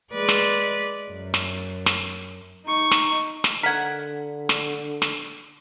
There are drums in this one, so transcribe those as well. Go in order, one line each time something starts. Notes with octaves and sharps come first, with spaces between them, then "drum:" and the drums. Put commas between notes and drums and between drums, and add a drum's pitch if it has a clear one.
G#3 B4 D5
drum: snare
F#2
drum: snare
drum: snare
D#4 C#6
drum: snare
drum: snare
D3 A#4 F#5 G#6 B6
drum: snare
drum: snare